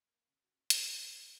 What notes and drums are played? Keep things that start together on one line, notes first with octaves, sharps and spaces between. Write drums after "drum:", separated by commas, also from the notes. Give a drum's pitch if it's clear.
A#3
C#3
F#4
C#4
C2, drum: hi-hat
C4
A#4
B2